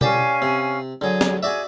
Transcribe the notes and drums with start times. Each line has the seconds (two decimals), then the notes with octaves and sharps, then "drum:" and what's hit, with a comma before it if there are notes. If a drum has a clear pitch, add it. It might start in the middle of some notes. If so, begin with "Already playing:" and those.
0.01 C#4 G4 D5 F5 G#5 A5, drum: tom B2
0.42 C3
1.01 D3 F#3 G#4
1.21 drum: snare
1.43 F#4 G#4 D5 E5